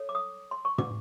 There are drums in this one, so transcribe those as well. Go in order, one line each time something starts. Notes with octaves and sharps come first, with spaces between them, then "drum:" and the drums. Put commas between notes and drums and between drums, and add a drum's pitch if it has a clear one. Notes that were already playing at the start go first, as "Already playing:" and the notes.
Already playing: A4 C#5
D6
D#6
C6
C#6
D6, drum: tom